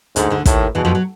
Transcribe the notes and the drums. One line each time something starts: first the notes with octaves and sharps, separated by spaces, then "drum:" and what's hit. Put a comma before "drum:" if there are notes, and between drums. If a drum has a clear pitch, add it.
D2 G#2 D3, drum: hi-hat
D2 D3
D#2 A2 D#3, drum: kick, hi-hat
E2 B2 E3
F2 F3
F#3